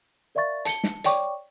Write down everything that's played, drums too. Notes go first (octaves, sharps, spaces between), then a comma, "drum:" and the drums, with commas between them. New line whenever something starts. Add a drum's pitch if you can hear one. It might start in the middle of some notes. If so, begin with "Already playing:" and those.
A#4 D5 E5 F5 C#6 A6
A5 C#7 G7, drum: hi-hat
drum: snare
C#5 D5 G5 C#6 D6, drum: hi-hat